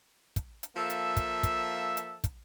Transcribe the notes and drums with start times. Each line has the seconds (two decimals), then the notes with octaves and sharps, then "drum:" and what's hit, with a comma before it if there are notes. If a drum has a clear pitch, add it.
0.36 drum: kick, hi-hat
0.63 drum: hi-hat
0.76 F3 A#3 A4 E5
0.90 drum: hi-hat
1.17 drum: kick, hi-hat
1.43 drum: kick, hi-hat
1.97 drum: hi-hat
2.24 drum: kick, hi-hat